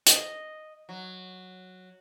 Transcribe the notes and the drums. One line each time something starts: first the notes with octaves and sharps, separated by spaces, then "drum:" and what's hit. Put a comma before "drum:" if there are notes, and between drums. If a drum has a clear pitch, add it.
D#5, drum: hi-hat
F#3